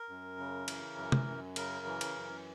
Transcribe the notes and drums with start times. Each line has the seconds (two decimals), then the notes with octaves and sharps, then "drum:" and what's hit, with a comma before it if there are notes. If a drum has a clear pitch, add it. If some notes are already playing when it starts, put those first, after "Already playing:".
Already playing: A#4
0.09 F#2
0.38 C#3
0.68 E3, drum: cymbal
0.97 F#2
1.12 drum: tom C3
1.27 F#2
1.56 C#3 A#4, drum: cymbal
1.86 E3
2.01 drum: cymbal
2.16 F#2